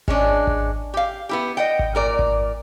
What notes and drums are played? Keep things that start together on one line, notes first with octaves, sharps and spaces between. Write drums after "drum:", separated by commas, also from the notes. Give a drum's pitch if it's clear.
G#3 C#4 D4, drum: kick G#1
drum: kick G#1
G4 F5
B3 E4 G4
D#5 F#5 G5
drum: kick G#1
A#2 A#4 D5
drum: kick G#1